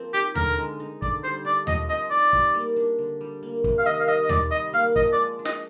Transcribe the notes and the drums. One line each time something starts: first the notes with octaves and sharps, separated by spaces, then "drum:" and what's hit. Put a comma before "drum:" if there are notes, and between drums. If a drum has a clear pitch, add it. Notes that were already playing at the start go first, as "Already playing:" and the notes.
Already playing: F3 A#3 C4
D#4 G4
D3 A#4, drum: tom D#2
G#3
D#4
D3 D5, drum: kick
G3 C5
D4 D5
F3 D#5, drum: tom D#2
C4 D#5
D#4 D5
G3, drum: kick
A#3
D4
D3
G3
A#3
C3, drum: kick
F5
D#3 D#5
F5
G3 D#5
D#5
C3 D5, drum: tom D#2
G3 D#5
A#3 F5
F3 D#5, drum: kick
D5
G#3
D4
D#5, drum: snare